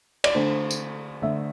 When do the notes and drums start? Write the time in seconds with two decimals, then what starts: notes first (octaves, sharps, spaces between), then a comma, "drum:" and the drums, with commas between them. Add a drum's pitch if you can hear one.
0.24 D5, drum: cymbal
0.34 D3 A3 D4 C5
0.71 drum: tambourine
1.22 D3 A3 D4 E5